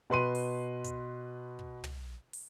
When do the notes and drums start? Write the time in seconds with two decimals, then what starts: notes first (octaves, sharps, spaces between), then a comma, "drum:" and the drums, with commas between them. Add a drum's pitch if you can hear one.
0.10 B2 B4 C6 D#7
0.35 drum: open hi-hat
0.84 drum: kick, hi-hat
1.59 drum: kick
1.84 drum: tom
2.33 drum: open hi-hat